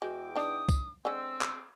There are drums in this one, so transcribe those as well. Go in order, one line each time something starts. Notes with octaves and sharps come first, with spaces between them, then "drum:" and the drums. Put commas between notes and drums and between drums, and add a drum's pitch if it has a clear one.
E2 G#3 F#4 G5 D6
D4 D#4 D#6
drum: kick C2, tambourine
D3 G#3 C4 C#4 E6
drum: clap